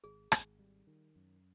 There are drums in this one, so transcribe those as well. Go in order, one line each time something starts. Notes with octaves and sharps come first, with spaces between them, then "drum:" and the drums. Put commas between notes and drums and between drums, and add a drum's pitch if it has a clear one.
G#1 G#4
G#1, drum: rim click
G3
D#3
F#2